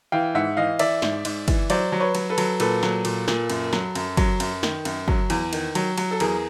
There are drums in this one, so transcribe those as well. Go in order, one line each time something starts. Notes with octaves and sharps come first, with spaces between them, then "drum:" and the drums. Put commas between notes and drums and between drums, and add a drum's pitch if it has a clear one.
E3 F5 G5
G#2 E5 F#5
E3 D#5 F5
E3 D5 E5, drum: cymbal
G#2, drum: snare
G#2, drum: cymbal
E3, drum: kick, cymbal
F#3 C5 D5, drum: cymbal
F#3
B4 C#5
F#3, drum: cymbal
A4 B4
F#3, drum: cymbal
A#2 A4 B4, drum: cymbal
F#3, drum: snare
A#2, drum: cymbal
A#2, drum: snare
F#2, drum: cymbal
F#3, drum: snare
F#2, drum: cymbal
F#3, drum: kick, cymbal
F#2, drum: cymbal
D#3, drum: snare
F#2, drum: cymbal
F#3, drum: kick
E2, drum: cymbal
D#3, drum: cymbal
F#3, drum: cymbal
F#3, drum: cymbal
A4
E2 G#4 A#4, drum: cymbal